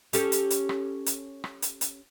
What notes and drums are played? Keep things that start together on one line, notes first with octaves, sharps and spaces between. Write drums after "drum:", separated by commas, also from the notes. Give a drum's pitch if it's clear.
C#4 G4 A4, drum: hi-hat
drum: hi-hat
drum: hi-hat
drum: rim click
drum: hi-hat
drum: rim click
drum: hi-hat
drum: hi-hat